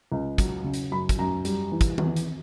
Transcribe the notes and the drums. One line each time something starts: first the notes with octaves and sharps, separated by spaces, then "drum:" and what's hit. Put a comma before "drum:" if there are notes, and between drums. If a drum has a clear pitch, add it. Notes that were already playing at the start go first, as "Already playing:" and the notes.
C#2
F#3, drum: kick, hi-hat
C#3
drum: hi-hat
F#2 B5
drum: kick, hi-hat
F#2 A#5
G3, drum: hi-hat
E3
drum: kick, hi-hat
E2, drum: tom D#3
drum: hi-hat